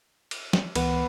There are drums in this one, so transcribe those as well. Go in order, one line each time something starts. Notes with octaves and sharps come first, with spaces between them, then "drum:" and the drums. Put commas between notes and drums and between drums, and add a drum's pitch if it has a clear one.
drum: cymbal
drum: snare
C#2 E3 B3, drum: cymbal